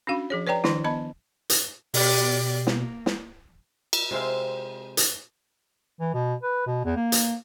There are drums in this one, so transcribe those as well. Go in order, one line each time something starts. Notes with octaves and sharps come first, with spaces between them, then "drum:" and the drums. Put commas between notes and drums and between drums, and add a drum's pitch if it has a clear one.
C#4 D4 F#4 F5
F3 G#4 C#5
B4 C#5 D5 G5 A#5
D#3 F3 D4 E4, drum: snare
B3 D#5 A5 B5
drum: hi-hat
B2 G4 D5, drum: open hi-hat
A#3, drum: snare
drum: snare
drum: cymbal
C3 G#3 C4 F5
drum: hi-hat
E3
B2
B4
B2
E2
A#3
drum: hi-hat